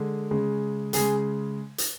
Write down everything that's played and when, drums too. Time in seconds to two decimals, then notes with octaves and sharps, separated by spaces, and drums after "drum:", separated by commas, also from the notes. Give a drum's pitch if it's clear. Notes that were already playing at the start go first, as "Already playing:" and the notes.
Already playing: D3 G#3
0.31 C#3 G#3
0.93 C#3 G#3 G#4, drum: hi-hat
1.78 drum: hi-hat